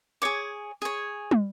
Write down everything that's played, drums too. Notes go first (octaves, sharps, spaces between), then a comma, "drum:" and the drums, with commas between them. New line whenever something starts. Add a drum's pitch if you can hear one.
G#4 C#5 D6
G#4 C#5
drum: tom